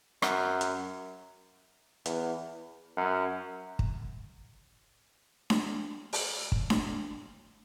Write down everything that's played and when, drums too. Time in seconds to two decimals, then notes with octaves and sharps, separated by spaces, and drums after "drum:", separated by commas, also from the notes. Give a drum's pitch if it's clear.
0.22 F#2, drum: rim click
0.61 drum: hi-hat
2.06 E2, drum: hi-hat
2.97 F#2
3.79 drum: kick
5.50 drum: snare D4
6.13 drum: open hi-hat
6.52 drum: kick
6.70 drum: snare D4